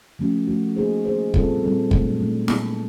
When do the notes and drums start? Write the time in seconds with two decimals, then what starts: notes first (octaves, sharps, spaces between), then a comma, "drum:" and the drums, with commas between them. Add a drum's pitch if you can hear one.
0.19 F3 A3 C#4 F#4
0.47 F3 A3 C#4 F#4
0.76 A#3 D#4 G#4 C5
1.05 A#3 D#4 G#4 C5
1.34 A#2 G3 C4 F4 A4, drum: kick
1.62 A#2 G3 C4 F4 A4
1.91 A#2 F#3 A3 D4, drum: kick
2.20 A#2 F#3 A3 D4
2.48 A#2 F#3 A#3, drum: snare